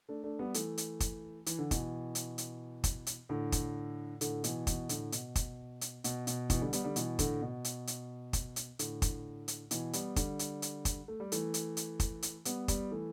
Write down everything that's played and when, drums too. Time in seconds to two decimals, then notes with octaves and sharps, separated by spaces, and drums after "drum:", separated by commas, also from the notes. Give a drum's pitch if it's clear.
0.09 A3 D4
0.24 A3 D4
0.39 G3 B3
0.54 E3 A3, drum: hi-hat
0.78 drum: hi-hat
1.00 drum: kick, hi-hat
1.46 E3, drum: hi-hat
1.59 D3
1.71 B2 E3, drum: kick, hi-hat
2.15 drum: hi-hat
2.38 drum: hi-hat
2.84 drum: kick, hi-hat
3.07 drum: hi-hat
3.29 A2 D3
3.52 drum: kick, hi-hat
4.21 A2 D3, drum: hi-hat
4.44 B2 E3, drum: hi-hat
4.67 B2 E3, drum: kick, hi-hat
4.89 A2 D3, drum: hi-hat
5.12 B2, drum: hi-hat
5.35 drum: kick, hi-hat
5.81 drum: hi-hat
6.04 B2, drum: hi-hat
6.27 B2, drum: hi-hat
6.50 B2 E3, drum: kick, hi-hat
6.61 D3 G3
6.73 G3 B3, drum: hi-hat
6.84 D3 G3
6.96 B2 E3, drum: hi-hat
7.19 A2 D3, drum: kick, hi-hat
7.42 B2
7.64 drum: hi-hat
7.87 drum: hi-hat
8.33 drum: kick, hi-hat
8.56 drum: hi-hat
8.79 A2 D3, drum: hi-hat
9.02 drum: kick, hi-hat
9.48 drum: hi-hat
9.71 B2 E3, drum: hi-hat
9.93 G3 B3, drum: hi-hat
10.16 D3 G3, drum: kick, hi-hat
10.39 drum: hi-hat
10.62 drum: hi-hat
10.85 drum: kick, hi-hat
11.08 A3
11.20 G3
11.32 E3 A3, drum: hi-hat
11.54 drum: hi-hat
11.77 drum: hi-hat
12.00 drum: kick, hi-hat
12.22 drum: hi-hat
12.45 G3 B3, drum: hi-hat
12.68 G3 B3, drum: kick, hi-hat
12.91 E3 A3